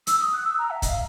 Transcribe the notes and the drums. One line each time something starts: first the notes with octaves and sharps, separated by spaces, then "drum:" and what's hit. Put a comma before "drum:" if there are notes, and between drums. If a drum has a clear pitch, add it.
E6, drum: hi-hat
D#6
F#6
E6
A#5
E5
D#5, drum: kick, hi-hat
F5